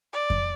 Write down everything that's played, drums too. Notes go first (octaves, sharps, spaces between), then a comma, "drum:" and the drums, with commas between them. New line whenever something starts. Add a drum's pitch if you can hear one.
D5
drum: kick F2